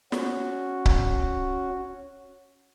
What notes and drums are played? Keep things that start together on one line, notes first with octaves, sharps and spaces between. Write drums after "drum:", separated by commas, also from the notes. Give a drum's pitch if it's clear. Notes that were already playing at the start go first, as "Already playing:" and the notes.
C#4 F#4, drum: snare
drum: kick C#1